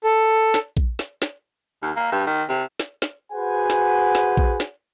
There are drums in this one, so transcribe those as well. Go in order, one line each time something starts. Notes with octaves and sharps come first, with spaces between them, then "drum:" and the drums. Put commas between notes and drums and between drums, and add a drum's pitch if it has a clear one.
A4
drum: snare
drum: kick A#1
drum: snare
drum: snare
D#2
A#3
G2
D#3
C3
drum: snare
drum: snare
F#4 G#4 B4 C5 F#5 G#5
drum: snare
drum: snare
drum: kick A#1
drum: snare